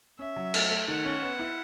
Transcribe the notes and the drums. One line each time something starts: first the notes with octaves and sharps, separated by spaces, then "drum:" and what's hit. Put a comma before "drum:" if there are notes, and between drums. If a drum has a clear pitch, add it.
C#4 E5
F#3
A3, drum: cymbal
A3
D#3 F#5
C#4
B3
E4